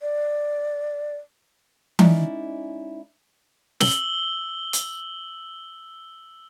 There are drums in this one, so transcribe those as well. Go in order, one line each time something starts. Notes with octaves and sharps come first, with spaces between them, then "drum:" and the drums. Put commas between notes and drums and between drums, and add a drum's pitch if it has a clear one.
D5
G#3 C#4 D#4 E4 D5, drum: tom E3
E6 F#7 G7, drum: snare
drum: hi-hat